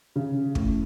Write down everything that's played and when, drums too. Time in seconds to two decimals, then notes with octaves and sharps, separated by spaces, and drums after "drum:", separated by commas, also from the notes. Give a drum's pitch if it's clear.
0.16 C#3
0.55 A2, drum: kick